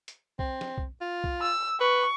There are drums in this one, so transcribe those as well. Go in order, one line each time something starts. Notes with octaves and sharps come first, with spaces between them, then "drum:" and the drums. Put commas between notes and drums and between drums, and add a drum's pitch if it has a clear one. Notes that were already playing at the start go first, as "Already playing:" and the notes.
drum: hi-hat
C4, drum: kick B1
drum: snare
drum: kick B1
F4
drum: kick B1
E6
B4 C#6